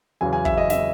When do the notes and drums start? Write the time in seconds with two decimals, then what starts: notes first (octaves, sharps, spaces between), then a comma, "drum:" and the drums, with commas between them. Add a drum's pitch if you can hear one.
0.21 E2 C#3 F#3 G#5
0.33 G#5
0.45 E5, drum: kick
0.58 D#5
0.70 E5, drum: snare